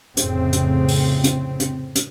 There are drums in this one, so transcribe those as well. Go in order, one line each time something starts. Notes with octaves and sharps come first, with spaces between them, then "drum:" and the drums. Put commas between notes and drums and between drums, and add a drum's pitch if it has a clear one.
F1 F2 A2 C#3 C4, drum: hi-hat
drum: hi-hat
drum: open hi-hat
drum: hi-hat
drum: hi-hat
drum: hi-hat